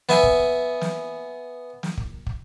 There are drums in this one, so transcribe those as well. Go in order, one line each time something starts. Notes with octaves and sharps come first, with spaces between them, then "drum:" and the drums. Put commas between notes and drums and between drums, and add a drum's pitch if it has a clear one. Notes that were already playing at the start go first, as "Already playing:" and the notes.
B3 E5 G#5, drum: snare
drum: kick
drum: snare
drum: snare
drum: kick
drum: kick